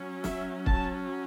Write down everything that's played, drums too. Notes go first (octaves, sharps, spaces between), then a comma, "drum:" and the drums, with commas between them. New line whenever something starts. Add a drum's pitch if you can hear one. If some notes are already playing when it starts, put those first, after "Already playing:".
Already playing: F#3 C#4
E5, drum: snare
A5, drum: kick